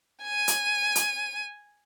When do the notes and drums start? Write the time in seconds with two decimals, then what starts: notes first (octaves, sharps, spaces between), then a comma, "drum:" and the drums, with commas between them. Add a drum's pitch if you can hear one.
0.24 G#5 D#7
0.48 drum: hi-hat
0.95 drum: hi-hat